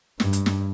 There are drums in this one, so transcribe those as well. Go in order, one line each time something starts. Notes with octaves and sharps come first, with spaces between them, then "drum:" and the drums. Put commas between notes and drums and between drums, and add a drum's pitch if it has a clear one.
G2, drum: snare
drum: hi-hat
drum: snare